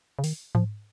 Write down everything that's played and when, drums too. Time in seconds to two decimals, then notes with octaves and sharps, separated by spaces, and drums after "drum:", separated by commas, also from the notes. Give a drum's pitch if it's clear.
0.19 C#3
0.24 D#3, drum: open hi-hat
0.55 F3, drum: tom G#2